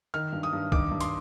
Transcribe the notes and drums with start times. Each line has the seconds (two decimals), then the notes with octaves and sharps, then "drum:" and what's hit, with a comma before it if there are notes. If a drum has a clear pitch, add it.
0.14 D#3 F6
0.32 G2
0.43 D#6
0.53 G2
0.72 D#3 D6, drum: kick
0.91 G2
1.01 C6, drum: hi-hat